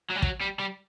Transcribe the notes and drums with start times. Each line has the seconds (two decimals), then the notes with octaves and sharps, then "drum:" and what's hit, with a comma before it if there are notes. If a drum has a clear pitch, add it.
0.10 F#3
0.16 G3
0.22 F#3, drum: kick
0.40 G3
0.59 G3